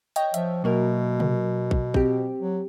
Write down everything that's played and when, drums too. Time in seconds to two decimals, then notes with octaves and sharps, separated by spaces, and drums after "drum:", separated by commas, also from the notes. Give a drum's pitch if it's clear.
0.16 C#5 D#5 G5, drum: hi-hat
0.34 F3 E5, drum: hi-hat
0.64 B2 F#3 A#3 A#4
1.20 drum: tom
1.71 drum: kick
1.94 C4 G4, drum: kick
2.38 F#3